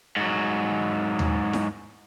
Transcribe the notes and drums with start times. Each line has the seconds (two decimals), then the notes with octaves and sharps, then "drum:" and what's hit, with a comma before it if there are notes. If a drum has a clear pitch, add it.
0.17 G#2 F#3
1.19 drum: tom D#2
1.53 drum: snare E4